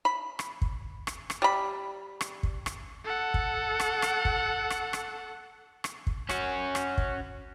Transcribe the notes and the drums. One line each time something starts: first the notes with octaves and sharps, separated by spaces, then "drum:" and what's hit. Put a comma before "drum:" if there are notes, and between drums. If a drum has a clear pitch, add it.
B5
drum: rim click
drum: kick
drum: rim click
drum: rim click
G3 B5
drum: rim click
drum: kick
drum: rim click
A4 F#5
drum: kick
drum: rim click
drum: rim click
drum: kick
drum: rim click
drum: rim click
drum: rim click
drum: kick
C#4 F#4, drum: rim click
drum: rim click
drum: kick